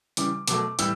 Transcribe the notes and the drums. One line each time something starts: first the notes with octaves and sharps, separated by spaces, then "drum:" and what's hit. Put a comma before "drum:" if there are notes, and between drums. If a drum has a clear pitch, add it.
C#3 E3 G3 D6, drum: hi-hat
B2 F#3 A3 D6, drum: hi-hat
A2 E3 G3 E6, drum: hi-hat